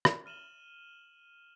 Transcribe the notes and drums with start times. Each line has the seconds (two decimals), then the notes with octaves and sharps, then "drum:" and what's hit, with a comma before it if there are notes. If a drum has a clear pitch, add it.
0.05 drum: rim click
0.26 F6 D#7 E7 F#7 G7